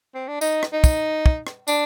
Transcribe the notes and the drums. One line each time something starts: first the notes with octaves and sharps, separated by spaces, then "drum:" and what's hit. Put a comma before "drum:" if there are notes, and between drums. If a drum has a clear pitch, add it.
C4
D4
D#4, drum: tambourine
drum: rim click
D#4
drum: kick, tambourine
drum: kick
drum: rim click
D4, drum: tambourine